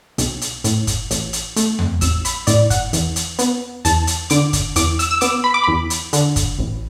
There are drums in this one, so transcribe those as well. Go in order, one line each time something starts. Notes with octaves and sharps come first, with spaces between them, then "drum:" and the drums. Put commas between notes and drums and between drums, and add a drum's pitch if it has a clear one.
B1, drum: hi-hat
drum: hi-hat
A2, drum: hi-hat
drum: kick, hi-hat
A1, drum: hi-hat
drum: hi-hat
A3, drum: hi-hat
drum: tom E2
A1 E6, drum: hi-hat
B5, drum: hi-hat
A2 D5, drum: hi-hat
F#5, drum: kick, hi-hat
E2, drum: hi-hat
drum: hi-hat
B3, drum: hi-hat
E2 A5, drum: hi-hat
drum: hi-hat
D3 D6, drum: hi-hat
drum: kick, hi-hat
E2 D6, drum: hi-hat
E6, drum: hi-hat
E6
B3 D6, drum: hi-hat
B5
D6
E2 B5
drum: hi-hat
D3, drum: hi-hat
drum: kick, hi-hat
A1